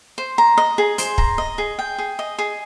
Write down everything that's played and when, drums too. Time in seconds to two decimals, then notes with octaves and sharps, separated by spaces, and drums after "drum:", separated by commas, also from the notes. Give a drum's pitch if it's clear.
0.18 C5
0.38 A#5
0.58 D#5
0.78 G#4
0.98 C5, drum: hi-hat
1.18 A#5, drum: kick
1.38 D#5
1.58 G#4
1.79 G5
1.98 G#4
2.19 D#5
2.39 G#4